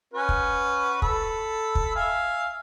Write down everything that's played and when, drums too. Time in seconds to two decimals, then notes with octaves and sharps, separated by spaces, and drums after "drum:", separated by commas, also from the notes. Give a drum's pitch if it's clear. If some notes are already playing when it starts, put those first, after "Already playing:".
0.14 C#4 F#4 B4
0.29 drum: kick
1.02 A4 B5, drum: kick
1.75 drum: kick
1.96 E5 F5 G#5